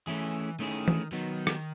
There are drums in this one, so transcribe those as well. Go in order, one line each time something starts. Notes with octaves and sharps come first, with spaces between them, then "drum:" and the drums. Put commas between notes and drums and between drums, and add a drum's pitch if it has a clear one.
E3 A3 C#4 E4 G#4
D#3 A3 C#4 E4 G#4
drum: tom E3
D#3 F#3 B3 D#4
drum: rim click